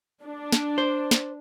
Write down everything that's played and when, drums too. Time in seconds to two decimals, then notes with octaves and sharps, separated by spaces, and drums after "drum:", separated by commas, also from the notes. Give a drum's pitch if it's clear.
0.23 D4
0.52 drum: snare
0.78 C5
1.11 drum: snare